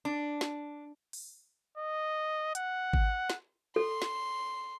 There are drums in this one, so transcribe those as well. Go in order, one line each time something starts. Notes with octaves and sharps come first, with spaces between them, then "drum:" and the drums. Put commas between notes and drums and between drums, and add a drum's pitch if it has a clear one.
D4
drum: snare
drum: open hi-hat
D#5
F#5, drum: hi-hat
drum: kick G#1
drum: snare
A4 C6
drum: snare